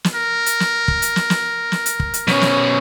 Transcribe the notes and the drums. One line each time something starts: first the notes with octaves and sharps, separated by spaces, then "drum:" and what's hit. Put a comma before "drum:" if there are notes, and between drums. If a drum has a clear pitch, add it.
drum: snare
A#4
drum: hi-hat
drum: snare
drum: kick
drum: hi-hat
drum: snare
drum: snare
drum: snare
drum: hi-hat
drum: kick
drum: hi-hat
B2 C#4, drum: snare
drum: snare